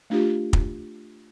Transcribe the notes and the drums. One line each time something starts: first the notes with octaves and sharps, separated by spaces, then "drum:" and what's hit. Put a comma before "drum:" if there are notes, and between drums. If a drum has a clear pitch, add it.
A3 D4 F4 G4
drum: kick